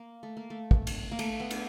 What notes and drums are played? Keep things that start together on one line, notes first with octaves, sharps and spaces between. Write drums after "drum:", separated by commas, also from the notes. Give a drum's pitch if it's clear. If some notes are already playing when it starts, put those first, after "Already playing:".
Already playing: A#3
A3
A#3
A3
drum: kick
drum: cymbal
A#3
A3, drum: cymbal
B3
drum: cymbal